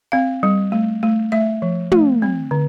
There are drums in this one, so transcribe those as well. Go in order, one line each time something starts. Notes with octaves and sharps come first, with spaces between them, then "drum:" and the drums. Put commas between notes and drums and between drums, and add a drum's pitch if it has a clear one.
C4 F5
G3
A3
A3
A3 E5
F3
A3, drum: tom
C4
D3